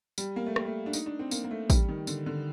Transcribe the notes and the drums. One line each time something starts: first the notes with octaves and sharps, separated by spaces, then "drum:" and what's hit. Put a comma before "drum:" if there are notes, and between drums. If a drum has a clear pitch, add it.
G3, drum: tambourine
A#3
A3
G3, drum: rim click
A3
D4
D#4, drum: tambourine
D4
C4
A#3, drum: tambourine
A#3
A3
G3, drum: kick A1, tambourine
D#3
D3, drum: tambourine
D3